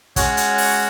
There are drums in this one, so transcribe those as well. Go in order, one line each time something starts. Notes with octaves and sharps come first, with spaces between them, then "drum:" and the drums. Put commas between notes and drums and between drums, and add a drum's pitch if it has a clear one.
G#3 C#4 F#4 C#5 F#5, drum: kick, hi-hat
drum: hi-hat
drum: open hi-hat